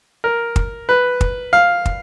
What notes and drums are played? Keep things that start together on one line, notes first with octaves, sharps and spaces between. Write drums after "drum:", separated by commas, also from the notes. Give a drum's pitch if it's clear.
A#4
drum: kick
B4
drum: kick
F5
drum: kick